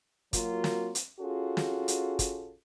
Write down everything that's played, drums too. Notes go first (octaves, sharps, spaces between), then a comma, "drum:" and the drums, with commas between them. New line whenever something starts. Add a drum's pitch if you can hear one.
F#3 A#3 F4 F#4 A#4, drum: kick, hi-hat
drum: snare
drum: hi-hat
C#4 F4 F#4 G#4 A4
drum: snare
drum: hi-hat
drum: kick, hi-hat